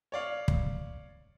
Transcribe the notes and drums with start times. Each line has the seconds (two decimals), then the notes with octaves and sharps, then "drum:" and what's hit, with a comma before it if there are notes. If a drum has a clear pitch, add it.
0.12 C#5 D5 F5
0.48 drum: kick